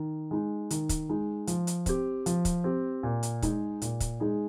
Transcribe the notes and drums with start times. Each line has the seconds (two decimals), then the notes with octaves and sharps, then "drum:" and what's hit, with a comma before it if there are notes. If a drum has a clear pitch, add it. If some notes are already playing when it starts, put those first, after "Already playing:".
Already playing: D#3
0.31 G#3 D#4
0.70 D#3, drum: hi-hat
0.89 drum: kick, hi-hat
1.09 G#3 D#4
1.47 F3, drum: hi-hat
1.67 drum: hi-hat
1.86 C4 G4, drum: kick, hi-hat
2.26 F3, drum: hi-hat
2.45 drum: kick, hi-hat
2.64 C4 G4
3.03 A#2
3.23 drum: hi-hat
3.42 G#3 D#4 G#4, drum: kick, hi-hat
3.82 A#2, drum: hi-hat
4.00 drum: kick, hi-hat
4.20 G#3 D#4 G#4